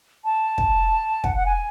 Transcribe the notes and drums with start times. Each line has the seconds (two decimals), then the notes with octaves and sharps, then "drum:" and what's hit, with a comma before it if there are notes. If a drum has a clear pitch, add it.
0.24 A5
0.58 drum: kick
1.24 F#5, drum: kick
1.36 F#5
1.46 G#5